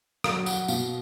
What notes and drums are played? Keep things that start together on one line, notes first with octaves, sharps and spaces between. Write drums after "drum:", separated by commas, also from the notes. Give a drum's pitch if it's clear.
F#3 F5, drum: rim click
F#5, drum: tambourine
B2 F5, drum: tambourine